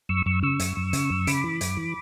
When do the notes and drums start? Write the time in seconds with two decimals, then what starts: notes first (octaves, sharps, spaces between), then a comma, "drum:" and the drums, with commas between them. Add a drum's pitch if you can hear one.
0.09 F#2 C#6 E6
0.26 F#2 C#6 E6
0.43 C#3 C#6 E6
0.60 F#2, drum: hi-hat
0.77 F#2
0.93 C#3, drum: hi-hat
1.10 F#2
1.27 C#3 B5 D6, drum: hi-hat
1.44 E3
1.61 F#2, drum: hi-hat
1.77 E3